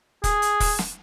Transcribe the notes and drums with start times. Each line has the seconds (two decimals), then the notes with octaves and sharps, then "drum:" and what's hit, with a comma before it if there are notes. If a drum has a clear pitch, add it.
0.24 G#4, drum: kick, hi-hat
0.42 drum: hi-hat
0.60 drum: kick, open hi-hat
0.79 drum: snare